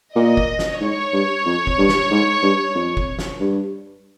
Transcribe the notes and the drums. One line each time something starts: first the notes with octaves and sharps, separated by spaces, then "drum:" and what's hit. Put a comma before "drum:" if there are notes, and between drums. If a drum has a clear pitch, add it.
A#2 D#5
drum: kick
drum: snare
G#2 C#5
G2
F2
drum: kick
G2
drum: snare
G#2
G2
F2
drum: kick
drum: snare
G2